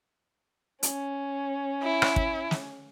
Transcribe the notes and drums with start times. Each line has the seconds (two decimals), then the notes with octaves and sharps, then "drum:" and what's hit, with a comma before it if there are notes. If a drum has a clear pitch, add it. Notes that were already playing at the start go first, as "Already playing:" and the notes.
0.83 C#4, drum: hi-hat
1.83 E4
2.02 drum: rim click
2.16 drum: kick
2.51 drum: snare